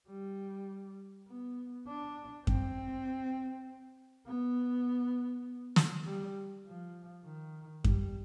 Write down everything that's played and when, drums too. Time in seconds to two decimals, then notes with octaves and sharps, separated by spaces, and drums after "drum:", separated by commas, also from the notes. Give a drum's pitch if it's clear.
0.08 G3
1.28 B3
1.88 D4
2.47 C4, drum: kick F#2
4.27 B3
5.76 drum: snare
6.06 G3
6.66 F3
7.25 D#3
7.84 G3, drum: kick F#2